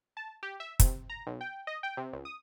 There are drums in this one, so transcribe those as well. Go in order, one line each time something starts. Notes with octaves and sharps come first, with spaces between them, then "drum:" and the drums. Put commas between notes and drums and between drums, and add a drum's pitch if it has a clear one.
A5
G4
E5
C3, drum: kick, hi-hat
A#5
B1
G5
D#5
G5
C3
C#2
D#6